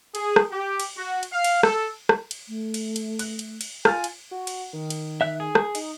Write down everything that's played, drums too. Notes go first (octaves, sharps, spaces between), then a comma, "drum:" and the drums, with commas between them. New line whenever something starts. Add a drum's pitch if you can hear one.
G#4, drum: cymbal
drum: rim click
G4
drum: cymbal
F#4
drum: cymbal
F5
drum: cymbal
A4, drum: rim click
drum: rim click
drum: cymbal
A3
drum: cymbal
drum: cymbal
F#6, drum: cymbal
drum: cymbal
drum: cymbal
F4 G#5 F6 A6, drum: rim click
drum: cymbal
F#4
drum: cymbal
D#3
drum: cymbal
E5 F#6
G#4
drum: rim click
D#4, drum: cymbal